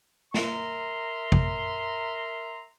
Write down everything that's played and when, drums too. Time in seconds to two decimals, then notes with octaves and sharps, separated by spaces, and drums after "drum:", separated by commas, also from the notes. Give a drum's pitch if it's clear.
0.34 A#4 E5 A#5 C6, drum: snare
1.32 drum: kick